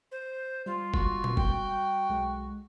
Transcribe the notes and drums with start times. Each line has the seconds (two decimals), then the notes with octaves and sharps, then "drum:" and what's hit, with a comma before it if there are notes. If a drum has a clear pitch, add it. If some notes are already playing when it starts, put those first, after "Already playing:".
0.11 C5
0.66 G3 F4
0.94 F#4, drum: kick
1.24 drum: tom A#2
1.37 G5, drum: kick
2.10 B1 G#3